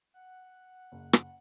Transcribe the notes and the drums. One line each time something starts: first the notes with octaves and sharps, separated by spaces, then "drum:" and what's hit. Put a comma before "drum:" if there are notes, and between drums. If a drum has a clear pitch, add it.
F#5
F#1
drum: rim click